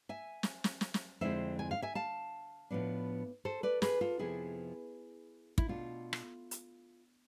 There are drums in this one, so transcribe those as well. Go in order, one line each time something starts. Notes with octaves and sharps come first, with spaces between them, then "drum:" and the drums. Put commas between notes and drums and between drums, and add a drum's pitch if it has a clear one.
E5 G#5
drum: snare
drum: snare
drum: snare
drum: snare
F2 D3 G#3 C4 E4 C5 E5
G#5
F5
E5 G#5
F5 A5
A2 F3 B3 D4
A4 C5
B4 D5
G#4 B4, drum: snare
F4 A4
F2 C3 F3 B3 E4 G#4
E4, drum: kick
B2 A3 D4 F4
drum: rim click
drum: hi-hat